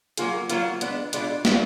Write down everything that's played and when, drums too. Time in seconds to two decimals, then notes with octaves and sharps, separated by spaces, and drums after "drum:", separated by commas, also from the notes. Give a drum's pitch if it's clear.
0.17 F#3 A#3 F4 G#4, drum: hi-hat
0.50 F#3 A#3 F4, drum: hi-hat
0.81 G#3 B3 D4, drum: hi-hat
1.13 B2 G#3 D4 F4, drum: hi-hat
1.45 G#3 D4 F4, drum: snare